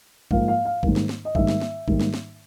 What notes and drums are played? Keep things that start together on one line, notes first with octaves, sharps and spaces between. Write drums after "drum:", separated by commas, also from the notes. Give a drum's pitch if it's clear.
G#2 F3 A#3 F5, drum: kick A#1
F5
F5
G#2 D#3 G3 A#3, drum: kick A#1
drum: snare
drum: snare
D#5
G#2 D#3 G3 A#3 E5, drum: kick A#1
drum: snare
drum: snare
G#2 D#3 G3 A#3, drum: kick A#1
drum: snare
drum: snare